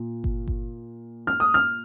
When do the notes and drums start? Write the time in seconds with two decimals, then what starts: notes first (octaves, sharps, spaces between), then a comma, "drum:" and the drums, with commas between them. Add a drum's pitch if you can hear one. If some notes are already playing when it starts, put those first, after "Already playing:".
Already playing: A#2
0.24 drum: kick G1
0.48 drum: kick G1
1.27 F6
1.40 D#6
1.54 F6